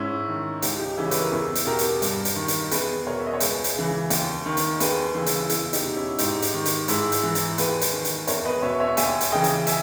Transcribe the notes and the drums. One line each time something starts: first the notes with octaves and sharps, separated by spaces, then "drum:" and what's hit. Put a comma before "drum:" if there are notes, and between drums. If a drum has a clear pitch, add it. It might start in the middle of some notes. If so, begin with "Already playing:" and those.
Already playing: G#2 C#4 E4
D#3
C#2 D#4 G4, drum: hi-hat
D#4 G4
C#3 E3 C#4 E4
B4, drum: hi-hat
A#4
E2 E4 G#4
drum: hi-hat
B2 G4 A#4
drum: hi-hat
G2, drum: hi-hat
drum: hi-hat
D#3
drum: hi-hat
E2 G#4 B4, drum: hi-hat
B2 A#4 C#5
E5
D#5
C#5
C#2 G#4 B4, drum: hi-hat
drum: hi-hat
C#3 E3
D#2, drum: hi-hat
D#3
drum: hi-hat
D#2 G#4 B4, drum: hi-hat
C#3 E3 E4 G#4
drum: hi-hat
E2 E4 G#4, drum: hi-hat
D#4 G4, drum: hi-hat
B2
C#4 E4
G#2 D#4 G4, drum: hi-hat
drum: hi-hat
D#3
drum: hi-hat
G#2 E4 G#4, drum: hi-hat
drum: hi-hat
E3
drum: hi-hat
D#2 G#4 B4, drum: hi-hat
drum: hi-hat
D#3
drum: hi-hat
E2 A#4 C#5, drum: hi-hat
B4 D#5
B2 C#5 E5
C#5 E5
D#2 E5 G#5, drum: hi-hat
drum: hi-hat
C#3 E3 D#5 G5
drum: hi-hat
E5 G#5, drum: hi-hat